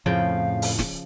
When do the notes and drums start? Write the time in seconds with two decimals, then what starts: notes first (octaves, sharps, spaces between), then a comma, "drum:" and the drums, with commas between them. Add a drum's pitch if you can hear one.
0.06 F2 A2 C#3 F3 F5 G5
0.62 drum: open hi-hat
0.79 drum: snare